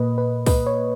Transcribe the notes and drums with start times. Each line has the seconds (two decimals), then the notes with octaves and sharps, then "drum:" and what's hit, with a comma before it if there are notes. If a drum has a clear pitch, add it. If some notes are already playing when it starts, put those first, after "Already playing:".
Already playing: A#2 A#3 B4 D#5
0.18 B4
0.46 B4 D#5, drum: kick, open hi-hat
0.66 C#5